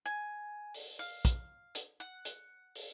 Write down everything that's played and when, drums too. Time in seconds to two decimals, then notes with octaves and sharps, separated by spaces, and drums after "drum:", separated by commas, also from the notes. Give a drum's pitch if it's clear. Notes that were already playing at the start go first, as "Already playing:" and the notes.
0.06 G#5
0.75 drum: open hi-hat
0.99 F5
1.25 drum: kick, hi-hat
1.75 drum: hi-hat
2.00 F#5
2.25 drum: hi-hat
2.75 drum: open hi-hat